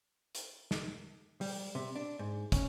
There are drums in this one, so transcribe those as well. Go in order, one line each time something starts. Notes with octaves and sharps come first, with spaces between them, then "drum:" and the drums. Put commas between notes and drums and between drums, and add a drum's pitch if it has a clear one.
drum: hi-hat
drum: snare
G3, drum: open hi-hat
C3
D4
G#2
C#4, drum: kick, hi-hat